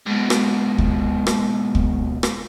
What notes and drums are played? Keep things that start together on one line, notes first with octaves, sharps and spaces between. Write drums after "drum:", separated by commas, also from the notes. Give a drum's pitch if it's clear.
G#2 B2
drum: rim click
drum: kick
drum: rim click
drum: kick
drum: rim click